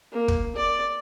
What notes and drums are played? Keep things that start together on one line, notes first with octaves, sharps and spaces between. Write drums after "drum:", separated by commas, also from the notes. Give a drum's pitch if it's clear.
A#3
drum: kick
D5